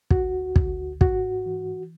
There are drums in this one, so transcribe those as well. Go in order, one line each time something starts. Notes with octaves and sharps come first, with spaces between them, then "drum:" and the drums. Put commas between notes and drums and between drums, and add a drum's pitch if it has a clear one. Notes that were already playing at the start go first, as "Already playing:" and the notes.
D2 F#4, drum: kick
D2, drum: kick
G#2 F#4, drum: kick
E3